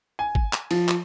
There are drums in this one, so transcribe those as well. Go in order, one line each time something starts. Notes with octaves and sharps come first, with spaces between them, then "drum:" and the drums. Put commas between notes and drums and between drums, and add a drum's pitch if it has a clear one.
G#5
drum: kick G#1
drum: clap
F3, drum: cymbal
drum: clap